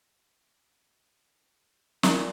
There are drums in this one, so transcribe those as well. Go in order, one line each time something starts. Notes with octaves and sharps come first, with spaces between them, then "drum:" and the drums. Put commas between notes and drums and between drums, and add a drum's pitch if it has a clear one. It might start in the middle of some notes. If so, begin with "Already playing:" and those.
A#2, drum: snare